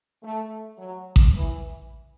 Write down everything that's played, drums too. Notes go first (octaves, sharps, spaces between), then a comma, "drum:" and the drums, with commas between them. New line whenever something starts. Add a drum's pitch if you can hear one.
A3
F#3
drum: kick A1
E3